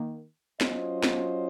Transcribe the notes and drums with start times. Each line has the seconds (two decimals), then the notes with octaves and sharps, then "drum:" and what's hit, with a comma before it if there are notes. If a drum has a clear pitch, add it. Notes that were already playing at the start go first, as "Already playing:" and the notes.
Already playing: D#3 A#3
0.61 F#3 C#4 F4 C5 D#5, drum: snare
1.03 drum: snare